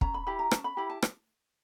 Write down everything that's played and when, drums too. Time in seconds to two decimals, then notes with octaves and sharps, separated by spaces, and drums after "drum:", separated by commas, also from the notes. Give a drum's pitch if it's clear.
0.01 C#4 A#5, drum: kick
0.14 B5
0.26 E4 G4 B5
0.39 A#5
0.51 C#4 A5, drum: rim click
0.64 B5
0.77 E4 G4 B5
0.90 A5
1.02 drum: rim click